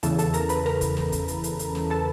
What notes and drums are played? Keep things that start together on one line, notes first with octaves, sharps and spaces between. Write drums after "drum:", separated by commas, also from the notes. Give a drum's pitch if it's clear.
E2 C#3 E3 A4 A5, drum: hi-hat
A4 A5, drum: hi-hat
A#4 A#5, drum: hi-hat
B4 B5, drum: hi-hat
A#4 A#5, drum: snare
drum: kick, hi-hat
drum: snare
drum: kick, hi-hat
drum: hi-hat
drum: hi-hat
drum: hi-hat
drum: snare
A4 A5